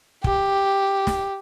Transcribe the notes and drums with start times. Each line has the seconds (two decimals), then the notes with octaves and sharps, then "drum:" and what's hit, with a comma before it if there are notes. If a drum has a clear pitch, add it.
0.24 G4, drum: kick
1.07 drum: snare